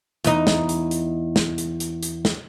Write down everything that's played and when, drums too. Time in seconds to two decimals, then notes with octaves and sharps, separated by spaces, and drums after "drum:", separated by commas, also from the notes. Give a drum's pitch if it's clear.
0.24 E2 D#4, drum: hi-hat
0.47 drum: snare
0.69 drum: hi-hat
0.91 drum: hi-hat
1.36 drum: snare
1.58 drum: hi-hat
1.80 drum: hi-hat
2.03 drum: hi-hat
2.25 drum: snare